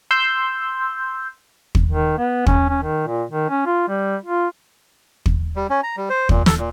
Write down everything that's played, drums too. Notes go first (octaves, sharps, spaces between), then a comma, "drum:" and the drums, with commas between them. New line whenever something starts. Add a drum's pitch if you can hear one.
C6 E6 G6
drum: kick
D#3
B3
C#4, drum: kick
C#4
D#3
A#2
D#3
C#4
F4
G3
F4
drum: kick
G3
C#4
A#5
G3
C5
A#2, drum: kick
A4, drum: snare
A#2